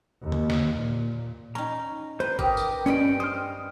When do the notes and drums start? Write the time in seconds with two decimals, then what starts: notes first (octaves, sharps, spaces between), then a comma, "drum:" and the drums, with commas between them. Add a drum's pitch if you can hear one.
0.22 D#2
0.32 drum: tom D3
0.50 drum: snare
0.75 A#2
1.55 C#4 D#4 A#5
2.20 B4 C5
2.39 G4 A#4 D#6, drum: kick
2.57 drum: tambourine
2.86 G2 C#4 D#5 G5 B5
3.20 C5 D#6 F6